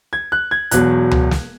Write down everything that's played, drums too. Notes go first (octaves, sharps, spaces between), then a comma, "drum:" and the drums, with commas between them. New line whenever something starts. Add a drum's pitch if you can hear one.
G#6
F#6
G#6
E1 E2 B2 F#3 F#6, drum: hi-hat
drum: tom C#2
drum: snare